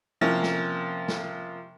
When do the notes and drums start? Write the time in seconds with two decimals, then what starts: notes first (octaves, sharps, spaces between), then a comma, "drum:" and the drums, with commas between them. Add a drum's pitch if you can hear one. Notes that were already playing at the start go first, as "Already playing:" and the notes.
0.21 C3 F3 A#3 C#4
0.43 drum: snare
1.08 drum: snare